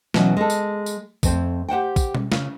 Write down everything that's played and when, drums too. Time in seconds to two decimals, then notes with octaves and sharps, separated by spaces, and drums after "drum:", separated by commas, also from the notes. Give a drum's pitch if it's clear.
0.14 B2 E3 F#3 C#4, drum: snare
0.37 G#3 A4
0.50 drum: tambourine
0.86 drum: tambourine
1.23 F2 A3 C4, drum: kick, tambourine
1.69 G4 C5 F#5 G5
1.96 drum: kick, tambourine
2.15 drum: tom
2.32 C#3, drum: snare